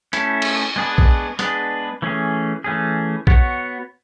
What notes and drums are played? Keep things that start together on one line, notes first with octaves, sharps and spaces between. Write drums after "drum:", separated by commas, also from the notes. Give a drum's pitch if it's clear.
A3 C#4 E4 A4, drum: hi-hat
drum: cymbal
G#3 B3 D4 G#4 B4
drum: kick
G#3 B3 D4 G#4 B4, drum: hi-hat
E3 A3 C#4 G#4
E3 A3 C#4 G#4
B3 F#4 C#5, drum: kick